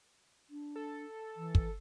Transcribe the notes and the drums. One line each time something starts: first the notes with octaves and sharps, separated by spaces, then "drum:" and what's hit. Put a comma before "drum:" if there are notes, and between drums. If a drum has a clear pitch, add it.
D4
A4
E3
drum: kick